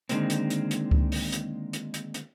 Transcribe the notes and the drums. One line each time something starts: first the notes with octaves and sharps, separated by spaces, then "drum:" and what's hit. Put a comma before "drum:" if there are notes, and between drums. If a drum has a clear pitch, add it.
D3 D#3 G#3 A#3 C4, drum: hi-hat
drum: hi-hat
drum: hi-hat
drum: hi-hat
drum: kick C#2
drum: open hi-hat
drum: hi-hat
drum: hi-hat
drum: hi-hat
drum: hi-hat